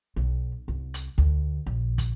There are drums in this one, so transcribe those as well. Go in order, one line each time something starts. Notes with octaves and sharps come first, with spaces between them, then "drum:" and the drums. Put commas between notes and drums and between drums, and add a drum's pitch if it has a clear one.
B1
C2
drum: hi-hat
D2, drum: kick
A#1
drum: kick, hi-hat